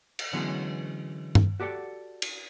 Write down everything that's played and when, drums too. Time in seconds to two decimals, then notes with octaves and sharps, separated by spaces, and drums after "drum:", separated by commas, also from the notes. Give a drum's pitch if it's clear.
0.19 drum: cymbal
0.33 D3 E3 F#3 G#3 B3 C#4
1.35 drum: tom G2
1.60 F#4 G4 A4 D5 F#5
2.22 drum: cymbal